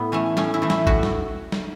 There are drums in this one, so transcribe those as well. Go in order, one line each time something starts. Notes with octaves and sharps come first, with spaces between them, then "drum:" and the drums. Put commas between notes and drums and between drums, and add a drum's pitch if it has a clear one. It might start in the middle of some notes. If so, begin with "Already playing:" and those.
Already playing: A2 B3
E3 A3 C#4
A2 C#4, drum: snare
E4
E3 A3
E4, drum: snare
A2 F#4, drum: kick A1
drum: snare
drum: snare